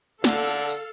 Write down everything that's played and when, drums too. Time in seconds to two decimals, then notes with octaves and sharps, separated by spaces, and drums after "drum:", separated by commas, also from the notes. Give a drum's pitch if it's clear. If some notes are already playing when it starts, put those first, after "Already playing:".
0.24 D3 A4 F5, drum: snare
0.47 drum: tambourine
0.69 drum: tambourine